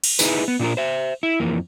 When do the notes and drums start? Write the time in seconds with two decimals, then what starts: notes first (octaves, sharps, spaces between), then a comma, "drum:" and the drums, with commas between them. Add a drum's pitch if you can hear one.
0.04 drum: cymbal
0.19 D#4 E4 G#4 B4, drum: tambourine
0.48 B3
0.59 A#2 D4 F4 A#4
0.77 C5 E5
1.23 E4
1.40 F2 E3 A#3